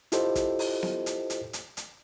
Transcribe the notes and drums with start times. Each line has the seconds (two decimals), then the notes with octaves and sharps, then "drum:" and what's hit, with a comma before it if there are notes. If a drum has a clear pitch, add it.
0.12 E4 F4 G4 A4 C5 D#5, drum: hi-hat
0.35 drum: kick, hi-hat
0.59 drum: open hi-hat
0.83 drum: snare B3
1.06 drum: hi-hat
1.30 drum: hi-hat
1.53 drum: hi-hat
1.77 drum: hi-hat